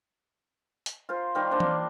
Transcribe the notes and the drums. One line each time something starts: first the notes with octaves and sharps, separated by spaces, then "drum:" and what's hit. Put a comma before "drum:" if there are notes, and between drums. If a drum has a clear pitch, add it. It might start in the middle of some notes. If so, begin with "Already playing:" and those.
drum: hi-hat
F4 A#4 C5
D#3 G3 A#4 C5
A#3 D4 C5 C6
drum: tom E3